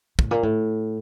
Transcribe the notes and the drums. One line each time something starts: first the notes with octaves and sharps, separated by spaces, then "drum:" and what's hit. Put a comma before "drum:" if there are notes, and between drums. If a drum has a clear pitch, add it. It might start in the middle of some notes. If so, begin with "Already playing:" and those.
A2, drum: kick
A#2
A2